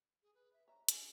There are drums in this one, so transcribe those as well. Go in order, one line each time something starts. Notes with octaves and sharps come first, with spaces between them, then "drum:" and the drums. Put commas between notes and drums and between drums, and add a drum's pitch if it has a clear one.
G#4
B4
E5
C#5 E5 A#5
C#4 D4 F#4 G#4, drum: hi-hat